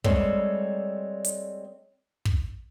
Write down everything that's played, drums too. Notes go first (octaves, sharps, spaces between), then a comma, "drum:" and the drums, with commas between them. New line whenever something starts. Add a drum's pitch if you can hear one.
G3 G#3 C4 A4 C#5 D5, drum: kick
drum: hi-hat
drum: kick